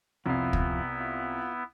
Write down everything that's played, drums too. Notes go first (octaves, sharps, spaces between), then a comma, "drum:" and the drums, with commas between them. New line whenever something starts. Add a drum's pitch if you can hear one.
C2 F2 B3 E4 F4
drum: kick
F4